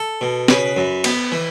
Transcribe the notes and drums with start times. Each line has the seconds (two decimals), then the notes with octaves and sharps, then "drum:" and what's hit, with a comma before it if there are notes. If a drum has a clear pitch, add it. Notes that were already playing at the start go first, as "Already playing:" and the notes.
Already playing: A4
0.21 B2
0.48 C#3 B4, drum: snare
0.76 F#2
1.04 B3, drum: cymbal
1.32 E3